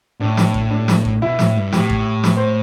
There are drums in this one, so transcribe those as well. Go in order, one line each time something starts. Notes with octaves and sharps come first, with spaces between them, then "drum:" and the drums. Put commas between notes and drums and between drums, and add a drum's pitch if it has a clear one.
A2 D4
drum: snare
drum: kick
D4
drum: snare
drum: kick
B2 E4
A2, drum: snare
G2
A2 G4, drum: snare
drum: kick
drum: snare
C5